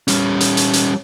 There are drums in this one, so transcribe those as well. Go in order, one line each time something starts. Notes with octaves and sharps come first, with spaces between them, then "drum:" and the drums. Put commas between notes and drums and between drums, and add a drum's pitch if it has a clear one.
G3 C#4, drum: hi-hat
drum: hi-hat
drum: hi-hat
drum: hi-hat